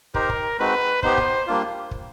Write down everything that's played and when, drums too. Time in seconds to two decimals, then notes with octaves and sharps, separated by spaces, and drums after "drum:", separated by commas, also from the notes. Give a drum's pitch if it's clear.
0.14 D#4 G4 A#4 C5, drum: kick
0.29 drum: kick
0.59 G#3 C4 D#4 F#4 B4
1.03 B3 D#4 G4 C5, drum: kick
1.18 drum: kick
1.47 G3 A#3 D4 F4
1.91 drum: kick